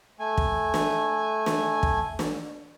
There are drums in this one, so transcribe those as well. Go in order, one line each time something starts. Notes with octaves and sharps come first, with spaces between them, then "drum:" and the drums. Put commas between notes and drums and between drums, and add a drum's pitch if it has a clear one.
A3 G#5
drum: kick
drum: snare
drum: snare
drum: kick
drum: snare